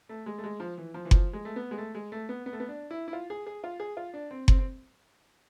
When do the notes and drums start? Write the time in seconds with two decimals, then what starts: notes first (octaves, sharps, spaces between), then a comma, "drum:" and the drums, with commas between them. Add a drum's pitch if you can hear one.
0.09 A3
0.26 G#3
0.38 A3
0.44 G#3
0.60 F3
0.78 E3
0.94 F3
1.05 E3
1.11 F3, drum: kick F#1
1.33 G#3
1.45 A3
1.56 B3
1.71 G#3
1.78 A3
1.95 G#3
2.12 A3
2.29 B3
2.46 B3
2.53 A3
2.60 B3
2.68 D4
2.91 E4
3.08 E4
3.13 F4
3.30 G#4
3.46 G#4
3.64 F4
3.80 G#4
3.97 F4
4.14 D4
4.31 C4
4.48 C4, drum: kick F#1
4.59 C4